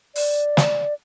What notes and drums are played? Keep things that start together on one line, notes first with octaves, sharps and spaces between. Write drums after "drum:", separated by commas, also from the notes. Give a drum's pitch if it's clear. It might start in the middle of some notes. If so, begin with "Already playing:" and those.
D5, drum: open hi-hat
drum: snare